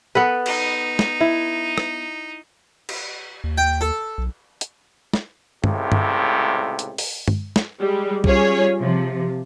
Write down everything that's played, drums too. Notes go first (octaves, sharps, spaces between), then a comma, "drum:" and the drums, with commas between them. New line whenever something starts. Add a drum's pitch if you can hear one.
B3 A4 B4
D#4, drum: cymbal
drum: snare
E4
drum: rim click
drum: cymbal
D#2
G5
A4
B1
drum: hi-hat
drum: snare
C#2 A2 C3, drum: tom G2
drum: tom G2
drum: hi-hat
drum: open hi-hat
drum: tom G2
drum: snare
G3 G#3
G3 C#4 F4 G#4 C#5, drum: kick B1
C3 F3